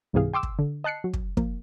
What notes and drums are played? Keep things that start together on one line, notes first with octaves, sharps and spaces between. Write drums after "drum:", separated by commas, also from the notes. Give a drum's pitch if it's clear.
C#2 G#2 C3 E3 G#4 F5
G5 C6 D6 E6
drum: kick
D3
D#5 A5 F#6 C7 C#7
F#3
drum: kick
F3 A#3, drum: kick